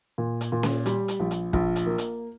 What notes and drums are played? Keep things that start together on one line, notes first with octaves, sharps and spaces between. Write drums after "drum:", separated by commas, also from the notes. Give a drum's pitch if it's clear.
A#2
drum: hi-hat
A#2
drum: snare C#4
G3, drum: hi-hat
drum: hi-hat
A#1
drum: hi-hat
A#1, drum: kick
drum: hi-hat
A#3
drum: hi-hat